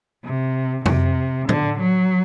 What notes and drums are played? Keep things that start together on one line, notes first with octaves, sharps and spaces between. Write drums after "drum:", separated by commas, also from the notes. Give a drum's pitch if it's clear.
C3
C3, drum: tom F2
D3, drum: tom
F#3